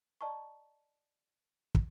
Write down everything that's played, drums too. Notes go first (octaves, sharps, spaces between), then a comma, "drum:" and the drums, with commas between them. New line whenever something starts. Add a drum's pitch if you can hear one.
D5 D#5 A5 A#5 C#6
drum: kick